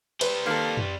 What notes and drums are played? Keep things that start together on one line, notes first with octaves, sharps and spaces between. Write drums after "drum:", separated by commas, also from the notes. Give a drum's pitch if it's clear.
G3 B4 C5, drum: cymbal
D#3 A#3 A4
drum: tom